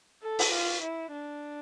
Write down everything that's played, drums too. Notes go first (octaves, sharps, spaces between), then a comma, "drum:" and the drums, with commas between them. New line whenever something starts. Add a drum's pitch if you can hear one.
A4
drum: open hi-hat
F4
E4
D4